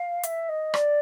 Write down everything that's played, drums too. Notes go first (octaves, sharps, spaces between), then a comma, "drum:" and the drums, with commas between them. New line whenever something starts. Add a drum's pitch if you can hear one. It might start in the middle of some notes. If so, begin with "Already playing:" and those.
Already playing: F5
E5, drum: hi-hat
D#5
D5, drum: rim click